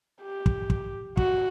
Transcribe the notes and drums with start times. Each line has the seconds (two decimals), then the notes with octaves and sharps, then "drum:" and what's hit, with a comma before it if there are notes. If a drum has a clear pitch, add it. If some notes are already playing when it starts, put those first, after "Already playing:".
0.22 G4
0.46 drum: kick
0.70 drum: kick
1.17 F#4, drum: kick